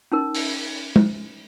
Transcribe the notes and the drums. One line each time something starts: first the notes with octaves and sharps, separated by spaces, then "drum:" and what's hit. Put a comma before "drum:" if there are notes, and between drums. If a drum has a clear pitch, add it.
C#4 D#4 A#4
drum: open hi-hat
drum: tom